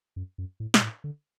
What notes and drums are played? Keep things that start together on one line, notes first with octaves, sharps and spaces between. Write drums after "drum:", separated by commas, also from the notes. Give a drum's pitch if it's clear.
F#2
F#2
A2
B2, drum: snare
A2
D3